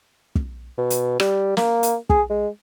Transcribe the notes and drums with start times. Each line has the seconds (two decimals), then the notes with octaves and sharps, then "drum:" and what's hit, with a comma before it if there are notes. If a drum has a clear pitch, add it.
0.35 drum: kick
0.78 B2
0.90 drum: hi-hat
1.20 G3, drum: rim click
1.57 A#3, drum: snare
1.83 drum: hi-hat
2.10 G#4, drum: kick
2.30 G#3